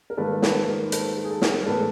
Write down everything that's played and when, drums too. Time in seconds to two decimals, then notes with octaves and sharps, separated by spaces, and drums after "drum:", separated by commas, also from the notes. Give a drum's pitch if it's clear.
0.10 A#4
0.17 G#2 D#3 G3 A#3 A4 B4
0.42 A4 B4, drum: snare
0.67 A#4 C5
0.92 A4 B4, drum: hi-hat
1.17 A4
1.24 G#4
1.31 A4
1.42 G#4 A#4, drum: snare
1.66 A2 E3 G#3 B3 A4 B4